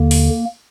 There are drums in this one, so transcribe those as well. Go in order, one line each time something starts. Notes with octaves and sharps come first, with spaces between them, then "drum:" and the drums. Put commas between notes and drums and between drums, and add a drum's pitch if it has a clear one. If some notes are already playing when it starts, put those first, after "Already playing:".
Already playing: D#2 D3 A#3
drum: open hi-hat